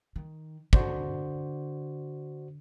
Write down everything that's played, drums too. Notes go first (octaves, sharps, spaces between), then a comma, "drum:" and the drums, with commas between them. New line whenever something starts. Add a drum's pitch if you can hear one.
D#3
D3 F#4 C5 D5, drum: kick